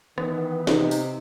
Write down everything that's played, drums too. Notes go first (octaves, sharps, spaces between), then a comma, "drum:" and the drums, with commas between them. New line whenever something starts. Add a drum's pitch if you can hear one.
D#3 E3 B3, drum: rim click
C3 D#4, drum: snare
drum: open hi-hat